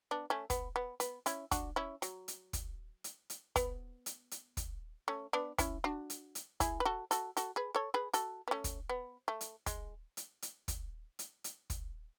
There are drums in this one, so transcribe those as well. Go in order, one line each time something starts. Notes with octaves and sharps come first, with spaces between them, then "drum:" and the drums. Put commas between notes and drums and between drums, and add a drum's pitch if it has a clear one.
B3 D4
A3 C#4
B3, drum: kick, hi-hat
B3
B3, drum: hi-hat
C#4 E4, drum: hi-hat
D4 F#4, drum: kick, hi-hat
C#4 E4
F#3, drum: hi-hat
drum: hi-hat
drum: kick, hi-hat
drum: hi-hat
drum: hi-hat
B3, drum: kick, hi-hat
drum: hi-hat
drum: hi-hat
drum: kick, hi-hat
A3 C#4
B3 D4
C#4 E4, drum: kick, hi-hat
D4 F#4
drum: hi-hat
drum: hi-hat
E4 G#4, drum: kick, hi-hat
B4
F#4 A4
F#4 A4, drum: hi-hat
F#4 A4, drum: hi-hat
G#4 B4
A4 C#5
G#4 B4
F#4 A4, drum: hi-hat
B3
A3 C#4
drum: kick, hi-hat
B3
A3
drum: hi-hat
G#3, drum: kick, hi-hat
drum: hi-hat
drum: hi-hat
drum: kick, hi-hat
drum: hi-hat
drum: hi-hat
drum: kick, hi-hat